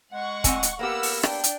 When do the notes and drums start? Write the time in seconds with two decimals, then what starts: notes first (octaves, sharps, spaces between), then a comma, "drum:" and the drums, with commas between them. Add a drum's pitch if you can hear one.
0.12 G#3 F#5 C#6
0.44 A2 C4 G#5, drum: kick, hi-hat
0.63 drum: hi-hat
0.79 A#3 B3 G4 A#4 F#5 E6
1.03 drum: open hi-hat
1.23 D4 G5, drum: rim click
1.44 drum: hi-hat